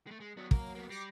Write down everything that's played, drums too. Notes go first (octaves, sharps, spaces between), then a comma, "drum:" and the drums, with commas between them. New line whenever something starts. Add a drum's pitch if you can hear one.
G#3 A3
G#3
F#3 B3 D4
A#3 A#4, drum: kick
A#3 B3
G3 D6 A#6 C7